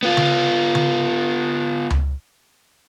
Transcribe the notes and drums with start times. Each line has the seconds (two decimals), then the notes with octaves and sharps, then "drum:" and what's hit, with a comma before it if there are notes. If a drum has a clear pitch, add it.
0.03 B3 F4
0.17 drum: tom C#3
0.75 drum: tom C#3
1.90 drum: tom C#2